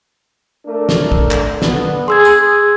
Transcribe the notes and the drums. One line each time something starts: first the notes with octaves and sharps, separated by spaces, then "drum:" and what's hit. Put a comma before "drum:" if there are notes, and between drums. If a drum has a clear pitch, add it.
A3 D4 A#4
drum: snare
drum: kick
drum: clap
D3 B3, drum: snare
G#4 C6 E6 G#6
drum: tambourine